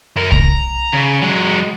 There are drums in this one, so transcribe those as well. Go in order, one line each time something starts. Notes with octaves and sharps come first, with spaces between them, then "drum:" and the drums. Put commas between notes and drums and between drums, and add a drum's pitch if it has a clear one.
F#2 A#4
A#5, drum: kick C2
C#3
F#3 G#3